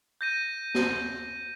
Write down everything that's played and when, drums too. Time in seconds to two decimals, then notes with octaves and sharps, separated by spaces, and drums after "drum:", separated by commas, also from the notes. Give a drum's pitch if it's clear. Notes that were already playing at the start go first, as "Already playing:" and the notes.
0.21 G6 A#6 D#7
0.75 drum: snare